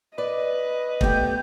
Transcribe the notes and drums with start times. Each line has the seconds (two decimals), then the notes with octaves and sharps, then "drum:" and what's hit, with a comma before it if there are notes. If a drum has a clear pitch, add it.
0.18 B4 D5 D#5
1.01 A3 B3 G4 G6, drum: kick